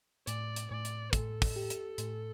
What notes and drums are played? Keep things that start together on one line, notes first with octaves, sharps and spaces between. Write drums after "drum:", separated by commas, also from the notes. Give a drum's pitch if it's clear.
A2 D5, drum: hi-hat
drum: hi-hat
A2 D5
drum: hi-hat
A2 A4, drum: kick, hi-hat
drum: kick, open hi-hat
G4
drum: hi-hat
A2, drum: hi-hat